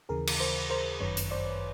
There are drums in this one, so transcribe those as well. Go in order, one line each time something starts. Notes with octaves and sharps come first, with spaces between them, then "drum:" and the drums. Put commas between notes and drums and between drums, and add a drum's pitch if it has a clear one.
D#2 C#3 E3 G#4 A#4
drum: cymbal
A#4 C5
A#4 C5
G1 F#2 D#3 B4 C#5
drum: hi-hat
C5 D5